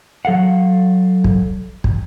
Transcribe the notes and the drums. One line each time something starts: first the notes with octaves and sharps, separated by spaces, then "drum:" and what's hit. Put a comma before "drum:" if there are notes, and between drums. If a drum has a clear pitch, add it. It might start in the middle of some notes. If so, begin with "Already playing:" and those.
F#3 A4 F5 F#5
drum: kick
drum: kick